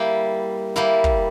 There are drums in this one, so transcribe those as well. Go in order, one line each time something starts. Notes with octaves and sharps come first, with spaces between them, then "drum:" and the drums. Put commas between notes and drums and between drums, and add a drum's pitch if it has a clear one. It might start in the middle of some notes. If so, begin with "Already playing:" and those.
Already playing: G3 A#3 E4
G3 A#3 E4
drum: kick